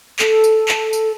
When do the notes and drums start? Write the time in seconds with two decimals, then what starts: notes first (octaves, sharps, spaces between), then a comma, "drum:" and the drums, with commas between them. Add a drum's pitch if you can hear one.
0.19 A4, drum: clap
0.44 drum: tambourine
0.68 drum: clap
0.93 drum: tambourine